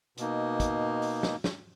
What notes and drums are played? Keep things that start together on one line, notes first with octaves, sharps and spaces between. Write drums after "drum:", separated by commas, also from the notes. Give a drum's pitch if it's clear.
B2 A#3 D#4, drum: hi-hat
drum: kick, hi-hat
drum: open hi-hat
drum: snare
drum: snare